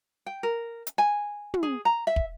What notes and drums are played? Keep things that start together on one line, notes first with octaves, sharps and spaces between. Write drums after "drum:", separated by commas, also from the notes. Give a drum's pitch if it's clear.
G5
A#4
drum: hi-hat
G#5
drum: tom
G#4
A#5
E5
drum: kick